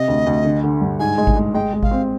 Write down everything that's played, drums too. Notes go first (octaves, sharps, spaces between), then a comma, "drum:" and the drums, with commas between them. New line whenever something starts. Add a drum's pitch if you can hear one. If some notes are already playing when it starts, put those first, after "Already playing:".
Already playing: C3 D#5
D2
D2
D3
D3
G2
G#2 G#5
G#3
drum: kick G#1
G#3
G#3 G5
G#3
F5, drum: kick G#1
C4